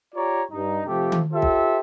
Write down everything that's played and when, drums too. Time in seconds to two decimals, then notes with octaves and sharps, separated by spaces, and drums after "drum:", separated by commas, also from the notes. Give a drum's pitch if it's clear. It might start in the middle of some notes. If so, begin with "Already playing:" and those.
0.15 F4 G4 C#5 D5 A#5
0.51 G2 D#4
0.87 C3 F3 A3 G4
1.12 drum: tom D#3
1.33 F4 G4 A4 C5 E5
1.42 drum: kick